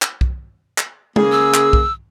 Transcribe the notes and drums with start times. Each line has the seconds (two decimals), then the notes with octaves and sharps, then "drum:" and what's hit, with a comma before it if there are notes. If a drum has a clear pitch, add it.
0.02 drum: clap
0.21 drum: kick B1
0.78 drum: clap
1.16 C#3 A#3 G#4, drum: tom
1.32 E6
1.54 drum: clap
1.73 drum: kick B1